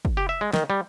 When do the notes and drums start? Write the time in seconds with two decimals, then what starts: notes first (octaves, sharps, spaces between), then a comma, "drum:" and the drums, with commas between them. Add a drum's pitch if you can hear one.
0.05 drum: kick
0.17 G4
0.29 E5
0.41 G#3
0.53 D#3, drum: snare
0.70 G3